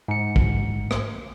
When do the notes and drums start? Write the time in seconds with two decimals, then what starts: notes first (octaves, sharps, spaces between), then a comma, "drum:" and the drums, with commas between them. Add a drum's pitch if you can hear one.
0.08 G#2 C#7
0.36 drum: kick
0.91 drum: rim click